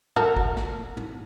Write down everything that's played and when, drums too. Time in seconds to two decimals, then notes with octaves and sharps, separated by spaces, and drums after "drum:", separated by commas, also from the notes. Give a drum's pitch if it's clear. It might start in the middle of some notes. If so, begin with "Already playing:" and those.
0.16 F#4 A4 A#4, drum: tom
0.36 drum: kick
0.57 drum: snare
0.97 drum: tom